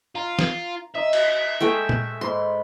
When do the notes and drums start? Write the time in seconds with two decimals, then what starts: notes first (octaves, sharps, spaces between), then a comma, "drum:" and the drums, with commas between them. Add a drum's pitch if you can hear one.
0.15 F4 A#5
0.39 drum: snare
0.95 D#5 E5 A#5
1.13 drum: cymbal
1.60 G#3 A3 G5
1.89 drum: tom A#2
2.21 G#2 B5 C6